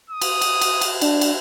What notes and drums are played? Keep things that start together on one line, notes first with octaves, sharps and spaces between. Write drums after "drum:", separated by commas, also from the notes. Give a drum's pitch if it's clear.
D#6
drum: cymbal
drum: cymbal
drum: cymbal
drum: cymbal
D4, drum: cymbal
drum: cymbal